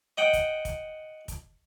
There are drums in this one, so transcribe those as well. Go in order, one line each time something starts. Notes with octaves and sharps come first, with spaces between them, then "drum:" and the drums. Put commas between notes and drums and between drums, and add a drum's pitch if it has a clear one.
D#5 F#5 G5
drum: kick, hi-hat
drum: kick, hi-hat
drum: kick, hi-hat